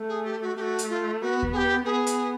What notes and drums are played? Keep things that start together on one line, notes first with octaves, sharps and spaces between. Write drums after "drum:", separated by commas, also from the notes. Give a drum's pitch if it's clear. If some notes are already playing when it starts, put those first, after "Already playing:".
Already playing: A3
G#4
G4
F#4
A3 F#4 G4
drum: hi-hat
F4
B3 F#4
drum: kick D#2
G#4
G4
B3 G#4
drum: hi-hat